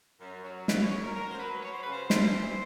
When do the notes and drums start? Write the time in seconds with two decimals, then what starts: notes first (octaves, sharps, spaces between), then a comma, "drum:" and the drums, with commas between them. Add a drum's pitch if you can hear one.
0.21 F#2
0.44 F#3
0.68 C#3 B4, drum: snare
0.80 C#5
0.92 F#2 C#5
1.04 A#4
1.16 F#3 A#4
1.31 C5
1.39 F#3 B4
1.63 F#3 C#5
1.73 C5
1.82 C#3 B4
1.92 C5
2.10 G2 C5, drum: snare
2.34 E3 C5